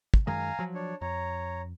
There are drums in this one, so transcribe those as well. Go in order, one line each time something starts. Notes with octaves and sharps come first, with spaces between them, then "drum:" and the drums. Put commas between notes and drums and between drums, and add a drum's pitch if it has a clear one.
drum: kick
F#2 D#3 G#3 F5 G#5 A#5
F3 F#3
D4 C#5
F2 C#5 A#5